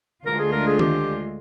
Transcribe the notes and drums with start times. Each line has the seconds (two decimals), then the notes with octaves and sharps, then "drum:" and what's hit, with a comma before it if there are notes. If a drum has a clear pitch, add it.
0.25 D2 D3 G#3 D4 F4 A#4
0.39 G#4
0.52 A#4
0.66 G#4
0.79 G4, drum: tom D#3